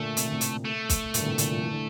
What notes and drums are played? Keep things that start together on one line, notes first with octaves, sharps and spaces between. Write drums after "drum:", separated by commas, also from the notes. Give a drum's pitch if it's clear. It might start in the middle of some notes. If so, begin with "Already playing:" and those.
Already playing: A#2 D3 A3
C3, drum: hi-hat
D3
A2 C3
drum: hi-hat
A3
drum: kick, hi-hat
G2 A#2, drum: hi-hat
D3
A2 C3
A#2 D3, drum: hi-hat
F3
E3
D3